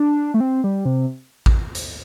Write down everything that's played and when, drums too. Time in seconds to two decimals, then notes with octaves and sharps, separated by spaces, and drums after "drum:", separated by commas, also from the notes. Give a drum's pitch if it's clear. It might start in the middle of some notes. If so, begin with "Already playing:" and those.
Already playing: D4
0.34 A3
0.40 C4
0.64 G3
0.85 C3
1.46 drum: kick A1
1.75 drum: hi-hat